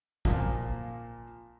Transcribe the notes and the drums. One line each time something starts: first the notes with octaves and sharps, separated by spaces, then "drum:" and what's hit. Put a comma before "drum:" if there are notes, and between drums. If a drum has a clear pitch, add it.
A#2 F3 A#3, drum: kick